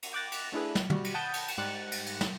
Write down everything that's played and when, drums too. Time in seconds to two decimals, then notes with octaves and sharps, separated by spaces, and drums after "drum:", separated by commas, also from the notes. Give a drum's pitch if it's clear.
0.03 drum: cymbal
0.13 G5 D6 F#6 A6 A#6
0.32 drum: cymbal
0.52 A3 D4 E4 G#4 B4
0.75 drum: snare
0.90 G3 F#4, drum: tom
1.04 drum: cymbal
1.14 F#5 G5 A5 B5 D#6 G6
1.34 drum: cymbal
1.48 drum: cymbal
1.58 G#2 G3 G4 F#6 A6 C#7
1.92 drum: cymbal
2.06 drum: cymbal
2.21 drum: snare